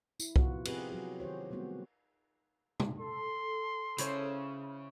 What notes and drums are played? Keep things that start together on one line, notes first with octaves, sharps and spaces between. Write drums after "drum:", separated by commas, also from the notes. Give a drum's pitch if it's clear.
E4, drum: tambourine
C3 F3 B3 F4 F#4, drum: kick C2
C4 F4 G4 G#4 B4, drum: cymbal
F#3 F#4 G#4
D#3 G4 C5 C#5
F#3 G3 A3 B3 C4 F#4
drum: tom B2
A4 C6
C#3 E4 C5 C#5, drum: hi-hat